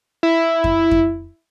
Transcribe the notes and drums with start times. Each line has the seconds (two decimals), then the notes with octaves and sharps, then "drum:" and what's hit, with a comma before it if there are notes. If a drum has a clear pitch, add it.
0.23 E4
0.64 drum: kick F2
0.91 drum: kick F2